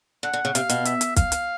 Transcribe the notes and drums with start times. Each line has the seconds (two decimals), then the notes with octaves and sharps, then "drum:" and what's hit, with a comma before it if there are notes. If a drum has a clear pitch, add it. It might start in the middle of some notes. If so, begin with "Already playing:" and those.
0.23 D3 F#5
0.33 D3
0.45 C#3
0.55 C3 F5, drum: hi-hat
0.69 B2, drum: hi-hat
0.85 E5, drum: hi-hat
1.01 drum: hi-hat
1.16 F5, drum: kick, hi-hat
1.32 drum: hi-hat